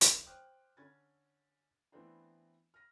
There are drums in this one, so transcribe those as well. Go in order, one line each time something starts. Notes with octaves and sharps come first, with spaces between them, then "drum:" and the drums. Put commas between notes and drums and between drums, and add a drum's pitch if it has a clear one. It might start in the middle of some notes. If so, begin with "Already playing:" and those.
F#1 D2, drum: hi-hat
C5 G5 D6 D#6 F6 F#6
D3 C#4 G#6 A6
E3 A3 B3 C4 D4
F6 A#6